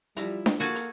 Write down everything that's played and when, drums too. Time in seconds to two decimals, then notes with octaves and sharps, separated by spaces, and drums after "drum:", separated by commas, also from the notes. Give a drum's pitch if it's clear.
0.17 F3 G3 E4 A#5, drum: hi-hat
0.46 drum: snare D4
0.60 A#3 F#4 G#4 A4
0.75 drum: hi-hat